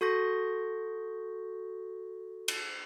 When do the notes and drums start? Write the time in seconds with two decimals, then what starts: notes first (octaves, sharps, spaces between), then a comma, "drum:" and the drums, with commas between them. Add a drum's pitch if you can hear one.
0.01 F#4 A4 C#6 G6 A#6
2.48 drum: cymbal